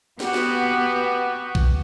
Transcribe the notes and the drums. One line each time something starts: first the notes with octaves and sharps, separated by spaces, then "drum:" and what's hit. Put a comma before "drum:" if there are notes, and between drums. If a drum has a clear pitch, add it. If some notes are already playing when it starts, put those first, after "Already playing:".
B3 F#4 G4, drum: snare
drum: snare
drum: kick B1